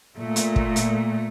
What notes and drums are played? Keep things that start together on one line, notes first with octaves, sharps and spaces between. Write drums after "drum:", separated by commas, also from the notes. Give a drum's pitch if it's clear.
A#2 A3
drum: hi-hat
drum: kick
drum: hi-hat